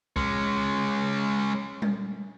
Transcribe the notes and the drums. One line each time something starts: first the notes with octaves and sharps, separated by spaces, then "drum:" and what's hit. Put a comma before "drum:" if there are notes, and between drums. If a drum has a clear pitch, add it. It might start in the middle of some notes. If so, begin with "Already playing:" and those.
G#3 C#4, drum: kick
drum: tom G3